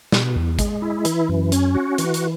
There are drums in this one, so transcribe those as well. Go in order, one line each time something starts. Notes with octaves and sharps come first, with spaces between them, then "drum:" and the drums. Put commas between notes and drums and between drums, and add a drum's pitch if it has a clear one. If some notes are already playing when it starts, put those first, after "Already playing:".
B2, drum: snare
E2
G#3, drum: kick, hi-hat
E4
E3, drum: hi-hat
F#2
C#4, drum: hi-hat
F#4
E3, drum: hi-hat
drum: hi-hat